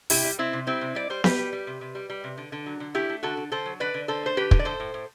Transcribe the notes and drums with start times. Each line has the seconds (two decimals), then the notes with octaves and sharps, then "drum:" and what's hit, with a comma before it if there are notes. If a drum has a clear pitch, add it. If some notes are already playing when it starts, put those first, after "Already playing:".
0.10 C3 E4 G4, drum: open hi-hat
0.24 G3
0.38 C3 C4 E4
0.53 C3
0.67 G3 C4 E4
0.81 C3
0.95 G3 D5
1.10 G3 C5
1.24 G3 G4 B4, drum: snare B3
1.38 G3
1.53 G3
1.67 C3
1.81 C3
1.95 G3
2.10 G3
2.24 C3
2.37 D3
2.52 D3
2.66 F#3
2.80 D3
2.94 A3 E4 G4
3.09 A3
3.23 D3 F#4 A4
3.37 D3
3.52 D3 A4 C5
3.66 F#3
3.80 D3 B4 D5
3.94 D3
4.08 D3 A4 C5
4.23 A3 C5
4.37 D3 G4 B4
4.51 D3, drum: kick
4.59 D5
4.65 A2 A4 C5
4.80 A2
4.94 A2